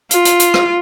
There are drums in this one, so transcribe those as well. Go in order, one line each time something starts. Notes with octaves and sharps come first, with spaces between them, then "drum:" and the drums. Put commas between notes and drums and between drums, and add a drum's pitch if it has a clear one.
F4, drum: hi-hat
drum: hi-hat
drum: hi-hat
drum: rim click